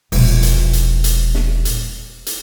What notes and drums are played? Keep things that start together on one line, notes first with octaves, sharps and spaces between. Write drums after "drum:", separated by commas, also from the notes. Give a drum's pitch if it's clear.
E1 A#1, drum: open hi-hat
drum: hi-hat
drum: hi-hat
drum: hi-hat
drum: snare
drum: hi-hat
drum: hi-hat